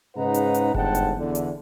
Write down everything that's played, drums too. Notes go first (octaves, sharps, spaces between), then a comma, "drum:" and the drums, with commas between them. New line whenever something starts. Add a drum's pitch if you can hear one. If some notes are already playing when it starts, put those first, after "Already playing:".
G#2 C#3 D#4 B4 F#5 A#5
drum: hi-hat
drum: hi-hat
G1 G#2 G#3 F#5 G5 A5, drum: kick F1
drum: hi-hat
E2 D3
drum: hi-hat